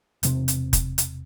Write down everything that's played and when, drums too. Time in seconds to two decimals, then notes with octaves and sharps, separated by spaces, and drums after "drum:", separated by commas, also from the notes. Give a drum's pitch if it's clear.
0.23 E1 C3 C4, drum: hi-hat
0.48 drum: hi-hat
0.73 drum: kick F1, hi-hat
0.98 drum: hi-hat